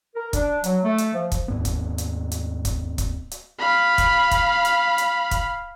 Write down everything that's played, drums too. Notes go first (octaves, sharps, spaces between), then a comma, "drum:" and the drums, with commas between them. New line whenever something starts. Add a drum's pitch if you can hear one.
A#4
D4, drum: kick, hi-hat
F#3, drum: hi-hat
A3
drum: hi-hat
F3
drum: kick, hi-hat
D#2 G#2 B3
drum: kick, hi-hat
drum: hi-hat
drum: hi-hat
drum: kick, hi-hat
drum: kick, hi-hat
drum: hi-hat
F5 B5
drum: kick, hi-hat
drum: kick, hi-hat
drum: hi-hat
drum: hi-hat
drum: kick, hi-hat